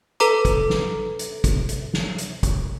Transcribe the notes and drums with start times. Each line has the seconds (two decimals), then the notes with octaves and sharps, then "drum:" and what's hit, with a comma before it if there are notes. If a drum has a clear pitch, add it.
0.20 A4 B4 A#5 D6, drum: hi-hat
0.45 drum: kick, hi-hat
0.70 drum: snare
1.19 drum: hi-hat
1.44 drum: kick, hi-hat
1.69 drum: hi-hat
1.93 drum: snare
2.18 drum: hi-hat
2.43 drum: kick, hi-hat